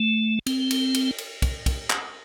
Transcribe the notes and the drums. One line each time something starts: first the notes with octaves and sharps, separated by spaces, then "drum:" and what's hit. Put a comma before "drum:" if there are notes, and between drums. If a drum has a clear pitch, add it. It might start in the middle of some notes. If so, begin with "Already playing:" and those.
Already playing: A3
C4, drum: cymbal
drum: cymbal
drum: cymbal
drum: cymbal
drum: kick, cymbal
drum: kick, cymbal
drum: clap